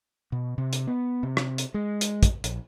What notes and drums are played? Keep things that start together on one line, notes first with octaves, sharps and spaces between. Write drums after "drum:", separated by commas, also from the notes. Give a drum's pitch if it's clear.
B2
C3
drum: hi-hat
B3
C3
drum: rim click
drum: hi-hat
G#3
drum: hi-hat
drum: kick, hi-hat
A#1, drum: hi-hat